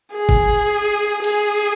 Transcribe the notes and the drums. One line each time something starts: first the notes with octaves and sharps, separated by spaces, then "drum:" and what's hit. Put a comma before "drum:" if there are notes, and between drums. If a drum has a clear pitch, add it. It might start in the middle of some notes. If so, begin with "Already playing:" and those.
G#4
drum: kick G1
G#4, drum: cymbal